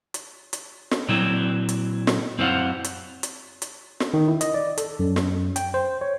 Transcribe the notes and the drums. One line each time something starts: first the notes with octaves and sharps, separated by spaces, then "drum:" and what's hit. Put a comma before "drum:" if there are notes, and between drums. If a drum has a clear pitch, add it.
drum: hi-hat
drum: hi-hat
drum: snare
A#2 F#3 C4 E4
drum: hi-hat
drum: snare
F#2 C4 E4 C5 F5 F#5
drum: hi-hat
drum: hi-hat
drum: hi-hat
drum: snare
D#3
E4
D#5, drum: hi-hat
D5
A4, drum: hi-hat
F#2
drum: snare
G5, drum: hi-hat
C5
C#5